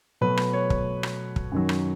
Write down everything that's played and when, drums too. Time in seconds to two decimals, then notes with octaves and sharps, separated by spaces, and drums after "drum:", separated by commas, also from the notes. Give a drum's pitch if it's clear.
0.21 B2 F#3 A3 B4
0.37 drum: rim click
0.53 C#5
0.70 drum: kick
1.03 drum: rim click
1.36 drum: kick
1.52 F#2 D#3 F#3
1.69 drum: rim click